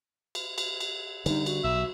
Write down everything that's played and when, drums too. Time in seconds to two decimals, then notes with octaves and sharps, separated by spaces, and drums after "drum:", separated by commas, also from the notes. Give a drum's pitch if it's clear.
0.35 drum: cymbal
0.58 drum: cymbal
0.80 drum: cymbal
1.26 D3 E3 G3 D#4, drum: cymbal
1.46 F#4, drum: cymbal
1.64 B1 E5